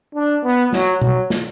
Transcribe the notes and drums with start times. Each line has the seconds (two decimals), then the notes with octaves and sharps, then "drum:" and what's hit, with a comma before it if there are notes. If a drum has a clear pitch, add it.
0.15 D4
0.44 B3
0.73 F#3, drum: snare
1.01 F#3, drum: tom B2
1.30 drum: snare